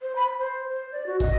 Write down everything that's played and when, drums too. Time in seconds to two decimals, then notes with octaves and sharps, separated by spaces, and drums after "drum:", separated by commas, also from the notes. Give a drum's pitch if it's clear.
0.01 C5
0.16 B5
0.38 C5
0.70 C5
0.92 D5
1.06 F#4
1.20 D#5, drum: kick, hi-hat